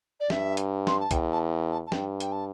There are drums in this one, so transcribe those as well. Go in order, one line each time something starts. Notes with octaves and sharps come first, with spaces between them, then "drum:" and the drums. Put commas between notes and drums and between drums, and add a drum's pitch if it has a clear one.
D5
G2 E5, drum: snare
drum: hi-hat
C6, drum: snare
A5
E2 G5, drum: kick, hi-hat
A5
A5
A5
G2 G5, drum: snare
G5, drum: hi-hat
A5